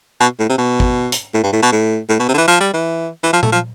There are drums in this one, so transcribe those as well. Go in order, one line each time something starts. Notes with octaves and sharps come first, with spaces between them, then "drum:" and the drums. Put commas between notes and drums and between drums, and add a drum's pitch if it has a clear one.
B2
A2
C3
B2
drum: kick
drum: hi-hat
A2
G2
A2
B2
A2
A2
B2
C3
D3
E3
F3
G3
E3
E3
F3
A3, drum: tom A#2
F3